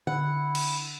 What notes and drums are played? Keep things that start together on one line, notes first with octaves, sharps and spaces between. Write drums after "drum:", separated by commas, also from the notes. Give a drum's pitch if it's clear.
D3 E4 F#5
drum: cymbal